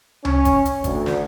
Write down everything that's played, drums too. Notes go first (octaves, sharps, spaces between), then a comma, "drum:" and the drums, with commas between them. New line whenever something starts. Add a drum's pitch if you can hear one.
C#4, drum: tom C#2
drum: kick G1, hi-hat
drum: hi-hat
D2, drum: kick G1, hi-hat
drum: snare